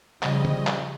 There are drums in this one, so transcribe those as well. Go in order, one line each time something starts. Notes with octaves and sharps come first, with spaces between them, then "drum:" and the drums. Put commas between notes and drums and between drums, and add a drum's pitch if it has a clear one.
C#3 F3 G3 D#5, drum: clap
drum: tom
drum: clap